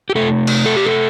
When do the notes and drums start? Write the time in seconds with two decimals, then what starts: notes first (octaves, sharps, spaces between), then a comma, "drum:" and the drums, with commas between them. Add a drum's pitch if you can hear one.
0.10 G4
0.15 C3 A3 A4
0.47 drum: cymbal
0.66 A4
0.76 G4
0.86 A4